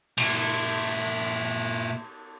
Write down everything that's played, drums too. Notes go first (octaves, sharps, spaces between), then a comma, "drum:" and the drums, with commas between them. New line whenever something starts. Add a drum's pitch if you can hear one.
A#2 E4, drum: cymbal